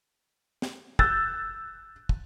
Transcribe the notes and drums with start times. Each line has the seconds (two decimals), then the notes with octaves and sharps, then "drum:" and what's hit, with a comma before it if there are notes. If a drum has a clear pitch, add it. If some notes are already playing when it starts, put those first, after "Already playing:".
0.62 drum: snare
0.99 E6 F#6 G6 A6, drum: kick
2.09 drum: kick